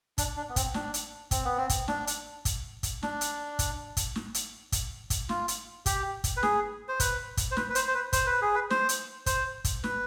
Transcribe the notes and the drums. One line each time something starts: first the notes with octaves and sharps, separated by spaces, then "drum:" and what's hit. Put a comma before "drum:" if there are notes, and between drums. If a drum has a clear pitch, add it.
D4, drum: kick, hi-hat
D4
B3
C4, drum: kick, hi-hat
D4, drum: snare
drum: hi-hat
C4, drum: kick, hi-hat
B3
C4
drum: kick, hi-hat
D4, drum: snare
drum: hi-hat
drum: kick, hi-hat
drum: kick, hi-hat
D4, drum: snare
drum: hi-hat
drum: kick, hi-hat
drum: kick, hi-hat
drum: snare
drum: hi-hat
drum: kick, hi-hat
drum: kick, hi-hat
F4, drum: snare
drum: hi-hat
G4, drum: kick, hi-hat
drum: kick, hi-hat
B4
G#4, drum: snare
C5
B4, drum: kick, hi-hat
drum: kick, hi-hat
C5
B4, drum: snare
B4
C5, drum: hi-hat
C5
B4
C5, drum: kick, hi-hat
B4
G#4
B4
C5, drum: snare
drum: hi-hat
C5, drum: kick, hi-hat
drum: kick, hi-hat
B4, drum: snare